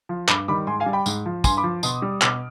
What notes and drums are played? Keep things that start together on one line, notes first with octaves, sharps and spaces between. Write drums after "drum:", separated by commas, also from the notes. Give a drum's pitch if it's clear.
F3
G2 B5 D6, drum: clap
D#3 G3 B5 D6
G#2 G#5 C6
F5 G#5
G3
G5 B5
G#2, drum: tambourine
F3
G2 G#5 C6, drum: kick, tambourine
B5 D6
F3
B2 C6 D#6, drum: tambourine
G3
B2 D6 F6, drum: clap